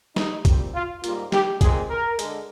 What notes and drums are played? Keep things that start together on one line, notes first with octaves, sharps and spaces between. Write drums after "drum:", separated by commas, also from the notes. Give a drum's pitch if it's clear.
D#4, drum: snare
A#2 G3 C4, drum: kick, hi-hat
F4
G#2 G3 A#3 F4, drum: hi-hat
G4, drum: snare
A#2 G#3 C4 G#4, drum: kick, hi-hat
A#4
D3 G#3, drum: hi-hat